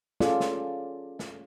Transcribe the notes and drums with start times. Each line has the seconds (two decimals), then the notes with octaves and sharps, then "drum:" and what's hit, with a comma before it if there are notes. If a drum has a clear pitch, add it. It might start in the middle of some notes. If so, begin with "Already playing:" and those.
0.20 C#4 F4 G#4 A4 D5, drum: snare
0.40 drum: snare
1.19 drum: snare